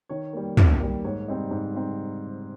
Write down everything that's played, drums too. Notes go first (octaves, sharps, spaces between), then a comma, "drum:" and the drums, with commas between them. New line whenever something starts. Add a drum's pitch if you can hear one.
D#3 C#5
G3 A#3
D#3, drum: tom
G3 A#3
G#2 C#5
G3 C4 D#4
G#2
G3 C4 D#4